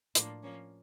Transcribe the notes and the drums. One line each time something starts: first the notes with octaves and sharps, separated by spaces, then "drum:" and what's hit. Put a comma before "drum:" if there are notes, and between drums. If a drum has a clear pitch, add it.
A2 F3 A#3 D4, drum: hi-hat
F3 A#3 C#4